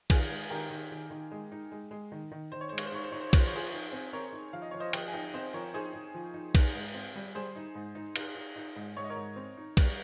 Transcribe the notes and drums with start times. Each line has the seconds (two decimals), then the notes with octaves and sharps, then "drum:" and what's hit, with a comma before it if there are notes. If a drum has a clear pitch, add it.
0.10 D#3 F4 G#4, drum: kick B1, cymbal
0.30 G#3
0.50 D#3 G4 A#4
0.70 D#3
0.91 D#3
1.10 D#3
1.32 G#3
1.52 D#4
1.72 G#3
1.91 G#3
2.12 D#3
2.32 D#3
2.52 D#3 C5
2.61 C#5
2.69 G#3 C5
2.78 C#5, drum: cymbal
2.86 C5
2.92 D#4 C#5
3.04 C5
3.12 D#4 C#5
3.21 C5
3.29 C#5
3.33 F3, drum: kick B1, cymbal
3.39 C5
3.47 C#5
3.53 F3 G#4 C5
3.73 D#4
3.92 C4
4.13 C4 A#4 C#5
4.32 D#4
4.53 F3 F5
4.62 D#5
4.71 F3 C#5
4.80 C5 D#5
4.93 F3 D#5 G5, drum: cymbal
5.08 G#5
5.14 D#4 D#5 G5
5.34 C4 C5 D#5
5.54 F3 A#4 C#5
5.74 D#4 G#4 C5
5.94 D#4
6.14 F3
6.34 D#4
6.55 D#4, drum: kick B1, cymbal
6.75 G#2
6.94 C4
7.16 G3
7.35 G3 G#4 C5
7.56 D#4
7.75 G#2
7.95 D#4
8.16 D#4, drum: cymbal
8.35 D#4
8.56 D#4
8.76 G#2
8.97 G#2 C#5
9.04 D#5
9.10 A#4 C#5
9.16 G#2
9.36 C4
9.57 D#4
9.77 G3, drum: kick B1, cymbal